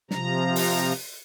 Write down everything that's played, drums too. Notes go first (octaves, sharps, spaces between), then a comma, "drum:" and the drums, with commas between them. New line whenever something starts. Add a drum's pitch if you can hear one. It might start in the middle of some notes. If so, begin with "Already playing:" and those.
C3 F3 A#5, drum: snare
drum: open hi-hat